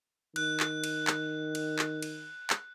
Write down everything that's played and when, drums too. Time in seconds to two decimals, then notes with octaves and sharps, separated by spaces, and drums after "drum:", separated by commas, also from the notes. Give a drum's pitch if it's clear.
0.36 D#3 F#6, drum: cymbal
0.60 drum: clap
0.84 drum: cymbal
1.07 drum: clap
1.55 drum: cymbal
1.79 drum: clap
2.02 drum: cymbal
2.50 drum: clap